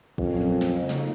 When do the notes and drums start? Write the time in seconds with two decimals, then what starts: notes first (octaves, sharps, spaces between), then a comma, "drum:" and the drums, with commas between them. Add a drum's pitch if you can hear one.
0.18 F2 A#2 F#3 A#3 C#4, drum: kick
0.61 drum: snare
0.75 C#3 F3 A#3 D#4 F#4
0.89 drum: snare